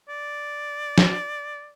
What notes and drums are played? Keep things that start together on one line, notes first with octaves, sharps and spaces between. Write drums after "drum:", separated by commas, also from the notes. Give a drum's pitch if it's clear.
D5
drum: snare